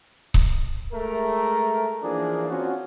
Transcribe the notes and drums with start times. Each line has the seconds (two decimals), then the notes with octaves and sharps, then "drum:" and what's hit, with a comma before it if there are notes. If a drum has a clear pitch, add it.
0.34 drum: kick C#1
0.93 G#3 A3 A#4
2.03 E3 F3 A#3 D4 D#4 G#4
2.49 C4 C#4 F4 F#4